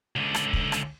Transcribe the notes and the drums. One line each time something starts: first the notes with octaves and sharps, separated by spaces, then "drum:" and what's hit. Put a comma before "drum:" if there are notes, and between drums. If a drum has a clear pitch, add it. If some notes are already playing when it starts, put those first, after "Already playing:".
C#2 D3
drum: rim click
drum: kick
drum: rim click